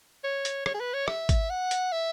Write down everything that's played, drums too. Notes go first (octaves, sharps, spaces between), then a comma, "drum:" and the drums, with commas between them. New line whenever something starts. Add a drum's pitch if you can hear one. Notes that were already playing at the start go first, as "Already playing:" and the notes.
C#5
drum: hi-hat
C#5, drum: rim click
G#4
B4
C#5
E5, drum: rim click
drum: kick G#1, hi-hat
F#5
drum: hi-hat
E5